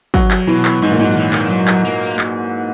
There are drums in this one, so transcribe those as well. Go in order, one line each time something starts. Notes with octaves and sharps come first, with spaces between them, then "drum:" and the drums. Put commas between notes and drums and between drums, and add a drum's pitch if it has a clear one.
F#3, drum: kick
drum: clap
B2 E3
drum: clap
G#2 E3
A#2
G#2 F#3
E3
D#3, drum: clap
F#3
drum: clap
A#3
drum: clap